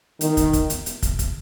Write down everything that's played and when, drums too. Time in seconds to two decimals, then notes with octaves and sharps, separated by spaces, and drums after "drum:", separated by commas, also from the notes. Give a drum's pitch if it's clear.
0.21 D#3, drum: hi-hat
0.37 drum: kick, hi-hat
0.53 drum: kick, hi-hat
0.70 drum: hi-hat
0.86 drum: hi-hat
1.02 drum: kick, hi-hat
1.19 drum: kick, hi-hat